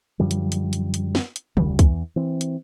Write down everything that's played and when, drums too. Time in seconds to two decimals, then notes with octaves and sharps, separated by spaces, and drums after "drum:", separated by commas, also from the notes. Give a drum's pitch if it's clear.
0.19 F#2 D3 F3 G3
0.31 drum: hi-hat
0.52 drum: hi-hat
0.73 drum: hi-hat
0.94 drum: hi-hat
1.15 drum: snare
1.36 drum: hi-hat
1.57 F1 D2 C#3 G3, drum: tom D3
1.79 E2 E3, drum: kick C2, hi-hat
2.16 E3 C4
2.41 drum: hi-hat